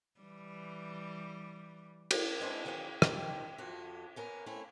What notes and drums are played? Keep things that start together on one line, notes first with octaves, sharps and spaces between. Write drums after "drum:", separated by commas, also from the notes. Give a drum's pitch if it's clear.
E3 G3
drum: cymbal
G#3 C4 D4 B4 D#5 E5
D#3 E3 F#3 C5 F#5 G5
G2 C3 D#3 F3 G4, drum: rim click
F2 F#4
B3 C#4 A#4
A3 C4 C#4 E4